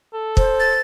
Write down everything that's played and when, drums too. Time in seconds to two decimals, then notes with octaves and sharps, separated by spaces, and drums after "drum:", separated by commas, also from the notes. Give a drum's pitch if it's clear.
0.14 A4
0.37 C5, drum: kick
0.60 A6